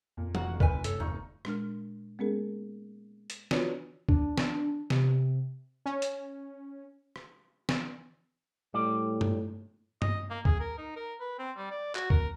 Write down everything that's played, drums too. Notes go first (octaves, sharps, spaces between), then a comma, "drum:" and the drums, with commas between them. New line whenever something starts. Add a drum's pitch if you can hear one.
F2 A#2
F1 A#3 F#4 F#5, drum: tom
E2 G#2 B4 G#5, drum: kick
F#2 A4 C#5, drum: hi-hat
G1 E2 D#4 C#6
A#2 G#3 D4 A#4 F6, drum: rim click
G#3 A#3 B3 C#4 G#4 A#4
drum: hi-hat
D4 F4 F#4 B4 C#5 D5, drum: snare
D4, drum: kick
drum: snare
C3, drum: snare
C#4
drum: hi-hat
drum: rim click
drum: snare
A2 G3 D5
drum: tom
D#5, drum: tom
A#3
G#4, drum: kick
A#4
D#4
A#4
B4
C4
G3
D5
F#4, drum: clap
A#4, drum: kick